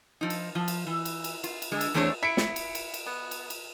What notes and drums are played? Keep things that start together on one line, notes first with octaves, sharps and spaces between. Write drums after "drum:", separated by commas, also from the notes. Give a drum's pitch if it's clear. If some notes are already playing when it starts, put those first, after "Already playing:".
F3 D#4
drum: cymbal
F3
drum: cymbal
E3
drum: cymbal
drum: cymbal
F4, drum: cymbal
drum: cymbal
D3 G#3
drum: cymbal
E2 A3 C4 D4 G#4 C#5
E4 B6 C#7 D7
drum: snare
drum: cymbal
drum: cymbal
drum: cymbal
B3
drum: cymbal
drum: cymbal